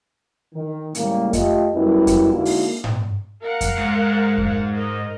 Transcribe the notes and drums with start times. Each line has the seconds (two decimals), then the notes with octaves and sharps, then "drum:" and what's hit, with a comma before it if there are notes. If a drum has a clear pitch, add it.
0.54 D#3
0.95 A2 C#3 G3 G#3 A#3, drum: hi-hat
1.33 A3 F4 G4 D#5, drum: kick F2, hi-hat
1.75 F#2 G3 B3 E4
2.07 drum: kick F2, hi-hat
2.33 D3 G#3 A#3 D#4 E4 F#4
2.45 drum: open hi-hat
2.84 drum: tom G#2
3.42 A#4 F5 F#5
3.61 drum: kick F2, hi-hat
3.78 G#2
4.38 drum: kick F2
4.72 A#4 D#5